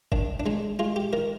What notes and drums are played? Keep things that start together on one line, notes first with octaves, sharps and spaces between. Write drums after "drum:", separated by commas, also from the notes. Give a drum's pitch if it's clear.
D#3 D4, drum: kick G1
D4
G#3 D#4
G#3 F4
G4
D#3 A#4